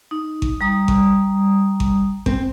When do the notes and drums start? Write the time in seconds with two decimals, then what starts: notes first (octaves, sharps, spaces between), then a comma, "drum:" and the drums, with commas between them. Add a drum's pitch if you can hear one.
0.11 D#4
0.42 drum: kick G#1
0.61 G3 A#5 D#6
0.88 drum: kick G#1
1.80 drum: kick G#1
2.26 C4, drum: kick G#1